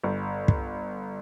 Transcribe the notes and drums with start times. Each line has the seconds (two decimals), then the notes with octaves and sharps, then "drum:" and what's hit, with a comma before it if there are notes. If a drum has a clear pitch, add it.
0.03 G1
0.48 drum: kick